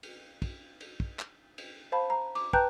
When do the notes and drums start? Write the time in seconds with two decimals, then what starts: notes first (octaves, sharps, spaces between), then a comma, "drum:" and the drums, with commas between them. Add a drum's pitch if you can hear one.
0.03 drum: cymbal
0.42 drum: kick, cymbal
0.81 drum: cymbal
1.00 drum: kick
1.19 drum: clap
1.58 drum: cymbal
1.92 C5 F5 A5 B5
2.10 A#5
2.35 D6, drum: cymbal
2.53 B4 G5 A5 A#5 F#6 G6, drum: kick